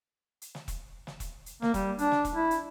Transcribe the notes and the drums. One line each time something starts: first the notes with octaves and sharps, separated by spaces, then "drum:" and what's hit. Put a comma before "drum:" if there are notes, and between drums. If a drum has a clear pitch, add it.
drum: hi-hat
drum: snare
drum: kick E1, hi-hat
drum: snare
drum: kick E1, hi-hat
drum: hi-hat
A#3, drum: snare
G3, drum: kick E1, hi-hat
D4, drum: hi-hat
drum: snare
drum: kick E1, hi-hat
E4
drum: hi-hat